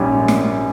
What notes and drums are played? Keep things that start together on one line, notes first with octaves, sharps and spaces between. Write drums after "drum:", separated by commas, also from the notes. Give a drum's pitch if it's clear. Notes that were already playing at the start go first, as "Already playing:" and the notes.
Already playing: A#1 G#2 G3 C#4 G4
drum: snare